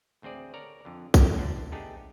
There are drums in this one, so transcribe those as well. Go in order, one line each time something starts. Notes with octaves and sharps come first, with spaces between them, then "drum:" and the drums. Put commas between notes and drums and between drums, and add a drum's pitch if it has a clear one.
A1 D2 C4 G#4 D5
A4 A#4 C#5 D5 A#5
F2 D3
G1 E2 D3 B3 G4 A#4, drum: kick, tambourine
D3 E3 D4
A3 B3 D4 D#4 G4 G#4